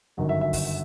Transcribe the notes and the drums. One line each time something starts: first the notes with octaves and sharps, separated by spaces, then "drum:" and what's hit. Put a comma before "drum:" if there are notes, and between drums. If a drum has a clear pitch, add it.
G1 F#2 D#3 F#3
E5
E5
drum: kick, open hi-hat